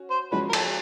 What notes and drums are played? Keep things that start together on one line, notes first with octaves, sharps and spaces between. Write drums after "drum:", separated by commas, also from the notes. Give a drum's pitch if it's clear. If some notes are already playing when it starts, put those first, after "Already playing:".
Already playing: C#4 F#4
C5
F3 G#3 C#4 F#4 B4
A#4
A4, drum: cymbal